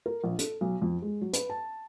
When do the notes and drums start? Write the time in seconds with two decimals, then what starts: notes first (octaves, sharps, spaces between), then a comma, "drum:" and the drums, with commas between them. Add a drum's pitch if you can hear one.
0.06 A#4
0.24 A#1
0.39 A4, drum: hi-hat
0.61 B1
0.82 F2
1.02 G#3
1.21 F#3
1.33 B4, drum: hi-hat
1.50 A5